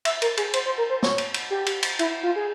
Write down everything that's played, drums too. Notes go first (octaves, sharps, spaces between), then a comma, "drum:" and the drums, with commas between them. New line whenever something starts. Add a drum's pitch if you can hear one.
E5, drum: cymbal
A#4, drum: cymbal
G#4, drum: cymbal
C5, drum: cymbal
C5
A#4
C5
C#5, drum: snare
drum: cymbal
drum: cymbal
G4
drum: cymbal
drum: cymbal
E4, drum: cymbal
F4
G#4